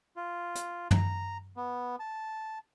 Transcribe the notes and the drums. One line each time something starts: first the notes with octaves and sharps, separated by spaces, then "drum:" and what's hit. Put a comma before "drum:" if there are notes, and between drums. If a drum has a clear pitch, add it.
F4
drum: hi-hat
A#5, drum: tom
B3
A5